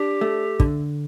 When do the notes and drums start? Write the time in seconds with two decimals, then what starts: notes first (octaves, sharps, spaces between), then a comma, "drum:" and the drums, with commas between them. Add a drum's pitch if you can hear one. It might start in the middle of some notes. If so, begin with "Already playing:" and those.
Already playing: D4 G4
0.21 A3
0.60 D3, drum: kick